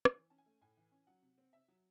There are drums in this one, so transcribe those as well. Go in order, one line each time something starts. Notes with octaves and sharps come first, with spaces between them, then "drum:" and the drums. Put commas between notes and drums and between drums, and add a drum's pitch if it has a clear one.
drum: rim click
E3
C#4 A5
G#5
A3
A2 G#5
E3
C#4
F#3 F#5
C3
C4
C3 E5
F#3